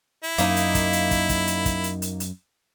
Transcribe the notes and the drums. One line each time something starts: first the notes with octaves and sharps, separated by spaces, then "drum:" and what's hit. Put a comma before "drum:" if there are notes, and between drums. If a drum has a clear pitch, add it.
E4
F#2 A#3 D#4, drum: hi-hat
drum: hi-hat
drum: kick, hi-hat
drum: hi-hat
drum: kick, hi-hat
drum: kick, hi-hat
drum: hi-hat
drum: kick, hi-hat
drum: hi-hat
drum: hi-hat
drum: hi-hat